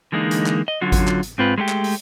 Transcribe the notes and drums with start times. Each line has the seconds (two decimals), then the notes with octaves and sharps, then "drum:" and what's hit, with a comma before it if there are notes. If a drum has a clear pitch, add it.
0.12 D3 E3 G#3 A#3 D#4
0.31 drum: hi-hat
0.46 drum: clap
0.68 D#5
0.81 D3 F#3 C#4 F4 F#4
0.92 drum: kick G#1, hi-hat
1.08 drum: clap
1.23 drum: hi-hat
1.38 G#2 C4 F4 B4
1.58 G#3 A3 D4 G4
1.69 drum: clap
1.84 drum: open hi-hat